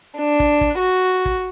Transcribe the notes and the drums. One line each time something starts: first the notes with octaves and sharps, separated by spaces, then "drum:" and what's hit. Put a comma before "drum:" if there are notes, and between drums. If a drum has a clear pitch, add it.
D4
drum: kick
drum: kick
F#4
drum: kick